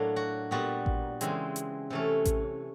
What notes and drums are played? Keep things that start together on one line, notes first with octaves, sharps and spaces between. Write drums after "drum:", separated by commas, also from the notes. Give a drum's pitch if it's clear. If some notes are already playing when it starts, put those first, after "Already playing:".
Already playing: A2 F#3 A#3 D4
F#4
A#2 G3 B3 F#4
drum: kick A1
C#3 E3 G#3 C4, drum: hi-hat
drum: hi-hat
C3 E3 A3 C#4
drum: kick A1, hi-hat